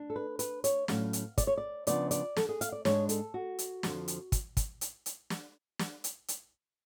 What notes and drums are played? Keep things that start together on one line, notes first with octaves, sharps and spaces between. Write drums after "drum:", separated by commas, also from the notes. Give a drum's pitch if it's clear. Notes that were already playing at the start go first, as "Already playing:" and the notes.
Already playing: D4
A4
B4
B4, drum: hi-hat
C#5, drum: hi-hat
A2 F#3 C#4 F5, drum: snare
drum: hi-hat
D5, drum: kick, hi-hat
C#5
D5
C#3 F3 B3 D4 D5, drum: hi-hat
D5, drum: hi-hat
A4, drum: snare
G#4
F5, drum: hi-hat
D5
G#2 G#3 D4 C#5, drum: snare
A4, drum: hi-hat
F#4
drum: hi-hat
F2 D3 F3, drum: snare
drum: hi-hat
drum: kick, hi-hat
drum: kick, hi-hat
drum: hi-hat
drum: hi-hat
drum: snare
drum: snare
drum: hi-hat
drum: hi-hat